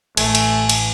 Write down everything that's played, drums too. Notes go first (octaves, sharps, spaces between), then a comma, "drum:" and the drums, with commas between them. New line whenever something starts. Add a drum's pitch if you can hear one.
A1 A3 G#5, drum: cymbal
drum: cymbal
drum: cymbal